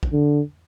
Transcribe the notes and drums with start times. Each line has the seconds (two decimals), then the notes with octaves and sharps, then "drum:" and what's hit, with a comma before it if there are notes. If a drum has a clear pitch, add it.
0.03 drum: kick
0.12 D3